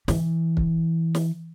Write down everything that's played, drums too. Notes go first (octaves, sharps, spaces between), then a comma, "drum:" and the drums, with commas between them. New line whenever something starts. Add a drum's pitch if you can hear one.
E3, drum: snare
drum: kick
drum: snare